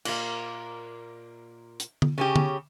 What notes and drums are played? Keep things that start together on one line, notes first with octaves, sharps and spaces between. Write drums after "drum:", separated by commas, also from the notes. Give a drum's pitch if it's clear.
A#2 A#3, drum: cymbal
drum: hi-hat
drum: tom D3
C#3 C#4 G4
drum: tom D3